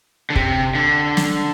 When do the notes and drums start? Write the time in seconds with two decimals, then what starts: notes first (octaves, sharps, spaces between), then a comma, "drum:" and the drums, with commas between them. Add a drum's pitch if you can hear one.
0.30 D3
0.36 C3, drum: kick
0.75 D3
1.17 drum: snare